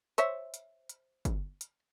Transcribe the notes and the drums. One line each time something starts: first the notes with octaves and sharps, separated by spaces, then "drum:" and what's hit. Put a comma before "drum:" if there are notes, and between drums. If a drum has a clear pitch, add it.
C5 C#5 E5, drum: hi-hat
drum: hi-hat
drum: hi-hat
drum: kick G1, hi-hat
drum: hi-hat